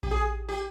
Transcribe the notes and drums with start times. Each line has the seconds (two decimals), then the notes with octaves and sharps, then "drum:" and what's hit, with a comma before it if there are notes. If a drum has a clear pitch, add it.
0.03 G4, drum: kick A#1
0.11 G#4
0.49 G4